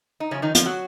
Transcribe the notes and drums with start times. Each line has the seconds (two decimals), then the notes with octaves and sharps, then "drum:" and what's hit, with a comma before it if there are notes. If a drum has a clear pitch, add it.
0.20 D#4
0.31 F#2 C#3 F3 C#4
0.42 D#3 D#4
0.55 F3 F4, drum: hi-hat
0.65 F#3 F#4